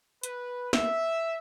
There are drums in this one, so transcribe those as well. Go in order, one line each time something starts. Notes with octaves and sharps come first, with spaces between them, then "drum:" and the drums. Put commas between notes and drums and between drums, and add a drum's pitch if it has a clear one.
B4, drum: hi-hat
E5, drum: snare